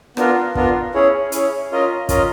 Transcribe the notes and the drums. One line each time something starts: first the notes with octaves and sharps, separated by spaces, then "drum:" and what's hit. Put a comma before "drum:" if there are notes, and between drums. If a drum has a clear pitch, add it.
B3 D4 F4 A#4, drum: rim click
B3 D4 F4 A#4, drum: kick
C#4 E4 G#4 C#5
C#4 E4 G#4 C#5, drum: hi-hat
C#4 F4 A#4 D#5
C#4 F4 A#4 D#5, drum: kick, hi-hat